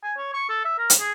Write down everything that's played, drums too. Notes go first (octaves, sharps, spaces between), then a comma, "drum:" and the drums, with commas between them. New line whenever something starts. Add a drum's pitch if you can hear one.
G#5
C#5
C#6
A4
E5
A#4
drum: hi-hat
G#4